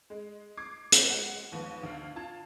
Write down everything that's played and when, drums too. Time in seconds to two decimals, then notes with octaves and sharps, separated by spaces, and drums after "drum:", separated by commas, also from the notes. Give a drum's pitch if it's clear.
0.10 G#3
0.57 D6 G#6 C7
0.92 drum: hi-hat
1.08 G#3 F#5 C7
1.52 D#2 G#2 F3 B3
1.83 D2 F5
2.16 F4 A5 G#6